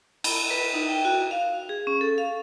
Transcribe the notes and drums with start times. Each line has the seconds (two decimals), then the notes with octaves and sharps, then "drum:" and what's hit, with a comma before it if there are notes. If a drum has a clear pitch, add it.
0.24 B5, drum: cymbal
0.50 B4
0.74 D#4
0.89 G5
1.05 F#4
1.31 F5
1.69 G#4
1.87 C#4
2.01 A4
2.18 F5